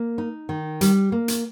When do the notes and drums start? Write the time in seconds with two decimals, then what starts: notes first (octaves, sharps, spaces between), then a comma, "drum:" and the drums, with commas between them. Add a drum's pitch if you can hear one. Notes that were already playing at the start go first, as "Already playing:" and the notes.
Already playing: A#3
0.18 D#4
0.49 D#3
0.81 G3, drum: hi-hat
1.12 A#3
1.28 drum: hi-hat